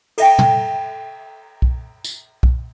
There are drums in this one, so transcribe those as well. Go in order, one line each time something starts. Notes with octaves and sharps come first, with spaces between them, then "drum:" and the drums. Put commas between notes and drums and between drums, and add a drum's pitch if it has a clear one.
A4 E5 G5, drum: cymbal
drum: tom
drum: kick B1
drum: tambourine
drum: kick B1